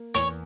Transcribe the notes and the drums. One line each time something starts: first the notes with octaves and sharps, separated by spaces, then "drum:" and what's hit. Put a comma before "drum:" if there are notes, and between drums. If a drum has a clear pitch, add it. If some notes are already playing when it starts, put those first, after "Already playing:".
Already playing: A#3
E2 C#5, drum: hi-hat